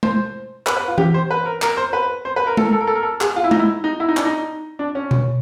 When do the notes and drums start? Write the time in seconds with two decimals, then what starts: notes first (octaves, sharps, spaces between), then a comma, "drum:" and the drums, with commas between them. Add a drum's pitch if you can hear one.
0.03 C5, drum: tom G#3
0.67 B4, drum: clap
0.77 B4
0.88 F4
0.98 G4, drum: tom E3
1.14 C5
1.31 B4
1.46 A#4
1.62 A#4, drum: clap
1.77 C5
1.93 B4
2.25 C5
2.36 B4
2.47 A#4
2.57 A4, drum: tom G#3
2.65 A#4
2.72 A4
2.81 A#4
2.87 A4
2.95 A#4
3.03 A4
3.21 G#4, drum: clap
3.36 F4
3.44 E4
3.51 D#4, drum: tom G#3
3.59 E4
3.84 D#4
4.00 E4
4.08 D#4
4.17 D4, drum: clap
4.25 D#4
4.79 D4
4.95 C#4
5.11 drum: tom B2